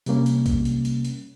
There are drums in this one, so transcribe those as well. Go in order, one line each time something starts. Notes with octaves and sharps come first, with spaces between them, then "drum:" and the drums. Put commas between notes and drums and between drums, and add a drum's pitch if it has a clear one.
C3 G3 A#3 C#4, drum: hi-hat
drum: hi-hat
drum: kick B1, hi-hat
drum: hi-hat
drum: hi-hat
drum: hi-hat